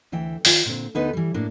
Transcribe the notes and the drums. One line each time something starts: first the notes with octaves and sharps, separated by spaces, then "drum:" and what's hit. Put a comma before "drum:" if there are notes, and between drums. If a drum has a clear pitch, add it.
D2 E3 E5 G5
D#3 F4, drum: open hi-hat
A#2 D3 C4
D2 D3 B3 D#4 B4
E3 G3
A2 A#3 D4